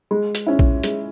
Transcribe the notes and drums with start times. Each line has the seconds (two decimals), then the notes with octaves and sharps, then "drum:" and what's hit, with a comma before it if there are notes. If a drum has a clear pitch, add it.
0.11 G#3
0.35 drum: hi-hat
0.47 C#4 E4
0.59 drum: kick A#1
0.84 G#3, drum: hi-hat